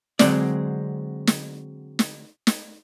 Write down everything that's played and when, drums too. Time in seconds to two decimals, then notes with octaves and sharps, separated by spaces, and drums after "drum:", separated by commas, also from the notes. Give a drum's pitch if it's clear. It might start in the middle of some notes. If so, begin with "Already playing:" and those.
0.19 D3 F#3 G#3 C4 D5, drum: snare
1.27 drum: snare
1.99 drum: snare
2.47 drum: snare